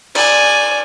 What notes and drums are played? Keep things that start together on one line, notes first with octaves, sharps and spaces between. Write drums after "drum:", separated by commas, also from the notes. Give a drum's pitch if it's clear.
D5 G#5, drum: cymbal